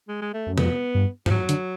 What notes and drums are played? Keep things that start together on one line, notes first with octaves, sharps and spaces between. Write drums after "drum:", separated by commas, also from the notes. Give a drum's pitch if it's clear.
G#3
G#3
A3
F#2
F2 B3, drum: tom
G2
F3, drum: tom
G#2 F#3
D3, drum: hi-hat